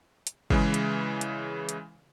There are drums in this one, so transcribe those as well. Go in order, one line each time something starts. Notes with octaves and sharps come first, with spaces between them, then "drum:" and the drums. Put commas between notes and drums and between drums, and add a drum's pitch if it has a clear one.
drum: hi-hat
C#3 E3 G#3, drum: kick
drum: hi-hat
drum: hi-hat
drum: hi-hat